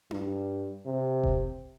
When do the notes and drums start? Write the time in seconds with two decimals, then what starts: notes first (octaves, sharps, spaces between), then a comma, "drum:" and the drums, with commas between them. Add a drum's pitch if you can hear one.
0.11 G2, drum: tom D4
0.86 C3
1.24 drum: kick F1